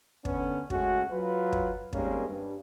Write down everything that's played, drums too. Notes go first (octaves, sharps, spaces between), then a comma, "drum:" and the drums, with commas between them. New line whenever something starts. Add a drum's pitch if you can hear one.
D3 B3 C#4, drum: kick
C#3 G#3 A3 C#4 F#4, drum: kick
F#3 F4 B4
drum: kick
D#3 G3 G#3 A#3 C4 C#4, drum: kick
G2